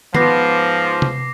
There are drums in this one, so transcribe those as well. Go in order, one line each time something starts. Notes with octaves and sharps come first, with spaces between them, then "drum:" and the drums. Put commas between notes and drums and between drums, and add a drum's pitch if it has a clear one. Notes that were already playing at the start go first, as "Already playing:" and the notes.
G#2 F3 B3 D6 A#6 C7, drum: tom D#3
drum: tom C3